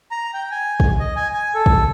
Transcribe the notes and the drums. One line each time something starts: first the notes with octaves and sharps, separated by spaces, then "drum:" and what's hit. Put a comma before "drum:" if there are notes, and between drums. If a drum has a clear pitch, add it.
A#5
G5
G#5
drum: kick
D#5
G#5
G#5
A4
drum: kick